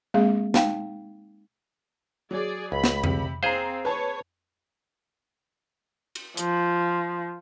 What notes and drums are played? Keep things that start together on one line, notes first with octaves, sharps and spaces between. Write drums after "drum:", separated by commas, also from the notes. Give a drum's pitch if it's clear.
G#3 A#3 C4 G#4 F5
D#4 F5 G5, drum: snare
F#3 G#4 D5
C#2 B5
drum: snare
C3, drum: tom F2
C4 G#4 C5 F5 A#5
B4 C#5 A5
drum: cymbal
F3, drum: hi-hat